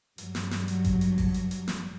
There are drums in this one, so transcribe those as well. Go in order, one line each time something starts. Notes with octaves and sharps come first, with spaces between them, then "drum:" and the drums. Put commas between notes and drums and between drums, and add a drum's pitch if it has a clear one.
G2 F#3, drum: hi-hat
drum: snare
drum: snare
drum: hi-hat
drum: kick A1, hi-hat
drum: hi-hat
drum: kick A1, open hi-hat
drum: hi-hat
drum: hi-hat
drum: snare